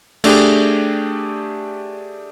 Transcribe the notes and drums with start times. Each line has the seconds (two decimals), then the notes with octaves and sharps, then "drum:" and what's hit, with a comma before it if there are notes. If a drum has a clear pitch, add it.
0.24 A3 D4 G4 G#4, drum: cymbal